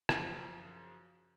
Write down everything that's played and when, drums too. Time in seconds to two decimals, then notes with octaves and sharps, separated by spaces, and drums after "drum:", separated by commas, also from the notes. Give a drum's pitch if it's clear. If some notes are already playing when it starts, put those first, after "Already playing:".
0.09 F#2 C#3 F3, drum: rim click